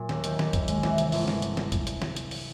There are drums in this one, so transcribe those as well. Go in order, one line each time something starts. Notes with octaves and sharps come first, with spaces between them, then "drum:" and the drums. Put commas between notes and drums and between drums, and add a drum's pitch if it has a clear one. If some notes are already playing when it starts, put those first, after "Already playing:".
Already playing: A#2 F#3
D#2, drum: snare
D#3, drum: hi-hat
D#2, drum: snare
D#2, drum: kick, hi-hat
G#3, drum: hi-hat
E3, drum: snare
C3, drum: hi-hat
G1, drum: open hi-hat
drum: snare
drum: hi-hat
drum: snare
drum: kick, hi-hat
drum: hi-hat
drum: snare
drum: hi-hat
drum: open hi-hat